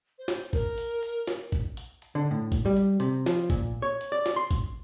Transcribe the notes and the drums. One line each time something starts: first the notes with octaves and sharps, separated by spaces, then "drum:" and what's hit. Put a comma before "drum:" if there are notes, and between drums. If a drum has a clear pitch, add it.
C5
drum: snare
A#4, drum: kick, hi-hat
drum: hi-hat
drum: hi-hat
drum: snare
drum: kick, hi-hat
drum: hi-hat
drum: hi-hat
D3
A2
drum: kick, hi-hat
G3
drum: hi-hat
C3, drum: hi-hat
F3, drum: snare
A#2, drum: kick, hi-hat
C#5
drum: hi-hat
D5
drum: snare
C6
drum: kick, hi-hat